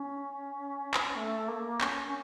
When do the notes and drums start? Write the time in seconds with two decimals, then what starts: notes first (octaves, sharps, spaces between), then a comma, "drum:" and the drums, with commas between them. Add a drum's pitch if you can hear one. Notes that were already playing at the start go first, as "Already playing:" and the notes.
Already playing: C#4
0.94 drum: clap
1.16 A3
1.48 A#3
1.81 C#4, drum: clap
2.07 C#4